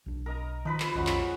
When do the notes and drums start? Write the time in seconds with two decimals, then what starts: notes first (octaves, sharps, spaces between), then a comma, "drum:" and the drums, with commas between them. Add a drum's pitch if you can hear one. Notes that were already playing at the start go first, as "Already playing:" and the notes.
0.06 B1 D4
0.26 A#4 D#5 A#5
0.65 D#3 F3 D#4 B4 B5
0.80 drum: clap
0.95 B1 F2 C#3 G#3 C#4 F#4
1.07 drum: clap